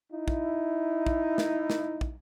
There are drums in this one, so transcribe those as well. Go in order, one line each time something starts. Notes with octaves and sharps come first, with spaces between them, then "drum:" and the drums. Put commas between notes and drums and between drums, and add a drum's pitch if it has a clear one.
D#4 E4
drum: kick
drum: kick
drum: snare
drum: snare
drum: kick